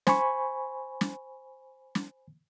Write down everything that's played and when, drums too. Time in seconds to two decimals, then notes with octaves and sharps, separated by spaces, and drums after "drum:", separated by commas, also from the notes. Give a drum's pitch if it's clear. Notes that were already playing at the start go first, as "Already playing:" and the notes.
0.07 C5 G#5 B5 C#6, drum: snare
1.01 drum: snare
1.95 drum: snare